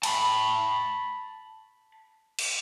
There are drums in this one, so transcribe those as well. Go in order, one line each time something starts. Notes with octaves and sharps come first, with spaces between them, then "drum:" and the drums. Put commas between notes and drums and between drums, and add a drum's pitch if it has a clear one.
A5 B5, drum: cymbal
drum: cymbal